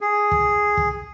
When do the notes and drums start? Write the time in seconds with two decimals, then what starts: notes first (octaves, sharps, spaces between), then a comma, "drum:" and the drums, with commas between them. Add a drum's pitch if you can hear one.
0.01 G#4
0.31 drum: kick
0.77 drum: kick